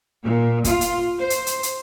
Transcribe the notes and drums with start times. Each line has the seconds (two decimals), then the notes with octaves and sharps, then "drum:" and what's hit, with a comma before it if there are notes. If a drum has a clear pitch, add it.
0.23 A#2
0.64 F4, drum: kick, hi-hat
0.81 drum: hi-hat
1.19 C5
1.30 drum: hi-hat
1.47 drum: hi-hat
1.63 drum: hi-hat